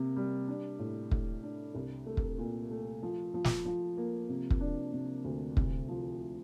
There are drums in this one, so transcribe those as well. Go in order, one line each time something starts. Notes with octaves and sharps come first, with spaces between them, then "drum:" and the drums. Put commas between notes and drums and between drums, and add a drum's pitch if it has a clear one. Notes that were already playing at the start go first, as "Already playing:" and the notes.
Already playing: C3 A#3
G3
D4
A2
A2, drum: kick
D4
C2
A3
drum: kick
A#2
A3
F3
F3
drum: snare
F3
A#3
C3
drum: kick
D4
C3
D2
C2, drum: kick
F3